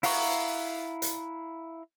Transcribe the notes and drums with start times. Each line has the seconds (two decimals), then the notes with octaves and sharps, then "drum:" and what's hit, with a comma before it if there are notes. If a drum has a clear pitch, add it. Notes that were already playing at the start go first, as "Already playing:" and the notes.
0.03 E4 F5 F#5 A#5 C#6, drum: open hi-hat
1.02 drum: hi-hat